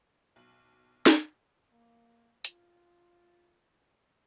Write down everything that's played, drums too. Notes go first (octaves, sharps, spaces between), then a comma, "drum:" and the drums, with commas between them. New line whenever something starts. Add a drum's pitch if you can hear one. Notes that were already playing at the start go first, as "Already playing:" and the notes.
B1 F#7
drum: snare D#4
A#3
F4, drum: hi-hat